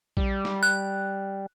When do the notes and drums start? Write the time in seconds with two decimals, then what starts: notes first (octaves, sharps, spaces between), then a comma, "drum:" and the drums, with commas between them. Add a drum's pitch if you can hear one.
0.17 G3, drum: kick A#1
0.45 drum: snare
0.63 F#6